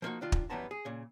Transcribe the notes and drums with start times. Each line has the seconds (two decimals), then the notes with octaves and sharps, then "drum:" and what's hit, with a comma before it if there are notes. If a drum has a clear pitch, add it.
0.02 F3 G3 A#3 C#4 D#4 F#4
0.21 D#3 D4 F4
0.32 drum: kick
0.50 F#2 E3 G3 B3 A5 A#5
0.71 G#4
0.85 A#2 C#3